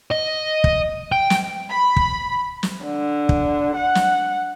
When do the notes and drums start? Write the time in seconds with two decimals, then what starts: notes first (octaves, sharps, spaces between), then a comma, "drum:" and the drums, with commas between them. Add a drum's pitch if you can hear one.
0.12 D#5
0.64 drum: kick
1.12 G5
1.30 drum: snare
1.70 B5
1.96 drum: kick
2.63 drum: snare
2.85 D3
3.29 drum: kick
3.76 F#5
3.95 drum: snare